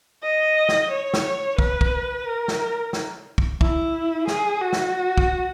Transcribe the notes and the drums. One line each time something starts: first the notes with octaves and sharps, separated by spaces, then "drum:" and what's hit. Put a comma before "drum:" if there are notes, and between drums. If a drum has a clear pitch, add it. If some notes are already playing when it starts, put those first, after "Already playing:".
D#5
drum: snare
C#5
drum: snare
B4, drum: kick
drum: kick
A#4
drum: snare
drum: snare
drum: kick
E4, drum: kick
G#4, drum: snare
F#4
drum: snare
drum: kick